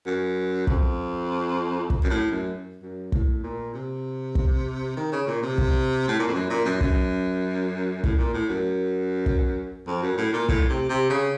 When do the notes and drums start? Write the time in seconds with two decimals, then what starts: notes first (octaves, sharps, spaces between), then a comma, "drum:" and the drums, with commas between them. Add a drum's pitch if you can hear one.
0.06 F#2
0.67 F2, drum: kick
1.90 drum: kick
2.03 F#2
2.10 A2
2.31 F#2
2.82 F#2
3.12 A2, drum: kick
3.43 A#2
3.74 C3
4.35 drum: kick
4.97 D#3
5.12 C#3
5.27 A#2
5.43 C3
5.58 drum: kick
6.08 A2
6.19 A#2
6.28 F2
6.34 F#2
6.50 A#2
6.65 F#2
6.81 F#2, drum: kick
8.04 A2, drum: kick
8.18 A#2
8.34 A2
8.49 F#2
9.26 drum: kick
9.87 F2
10.02 F#2
10.18 A2
10.33 A#2
10.49 A2, drum: kick
10.69 C3
10.89 C3
11.10 C#3